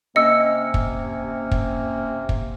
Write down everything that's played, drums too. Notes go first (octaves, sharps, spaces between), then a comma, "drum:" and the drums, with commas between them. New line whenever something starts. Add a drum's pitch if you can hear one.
C3 A#3 C#4 D#5 E6 C#7
drum: kick
drum: kick
drum: kick